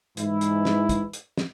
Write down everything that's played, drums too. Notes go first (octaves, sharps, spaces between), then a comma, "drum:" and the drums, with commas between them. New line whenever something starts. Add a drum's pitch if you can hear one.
G#2 E3 E4, drum: hi-hat
drum: hi-hat
drum: snare
drum: kick, hi-hat
drum: hi-hat
drum: snare